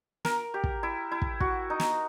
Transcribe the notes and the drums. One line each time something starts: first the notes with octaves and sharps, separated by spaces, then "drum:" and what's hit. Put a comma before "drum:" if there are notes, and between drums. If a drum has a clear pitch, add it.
A#4, drum: snare
G4
drum: kick
E4
E4
drum: kick
F#4, drum: kick
D#4
drum: snare